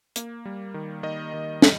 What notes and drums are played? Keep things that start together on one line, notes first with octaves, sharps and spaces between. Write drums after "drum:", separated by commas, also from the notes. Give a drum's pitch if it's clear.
A#3, drum: hi-hat
G3
D#3
D#3 D#5
D#3
G3, drum: snare